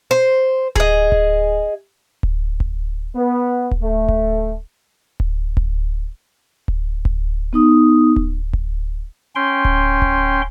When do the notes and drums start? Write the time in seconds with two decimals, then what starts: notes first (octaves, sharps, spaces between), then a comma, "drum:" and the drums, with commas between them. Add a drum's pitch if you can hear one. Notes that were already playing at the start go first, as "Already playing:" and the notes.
0.11 C5
0.76 G#4 D#5, drum: kick D1
1.12 drum: kick D1
2.23 drum: kick D1
2.60 drum: kick D1
3.16 B3
3.71 drum: kick D1
3.82 A3
4.08 drum: kick D1
5.20 drum: kick D1
5.57 drum: kick D1
6.68 drum: kick D1
7.05 drum: kick D1
7.53 B3 D#4 D#6
8.16 drum: kick D1
8.53 drum: kick D1
9.36 C#4 G5 C6
9.65 drum: kick D1
10.02 drum: kick D1